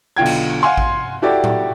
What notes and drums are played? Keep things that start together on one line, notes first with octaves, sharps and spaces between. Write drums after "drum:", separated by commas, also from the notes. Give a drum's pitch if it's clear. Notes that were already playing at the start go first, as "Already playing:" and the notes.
B1 D3 F4 G5 G#6
drum: cymbal
F5 F#5 G#5 C6
drum: kick A1
E4 F#4 G4 A4 D5
drum: tom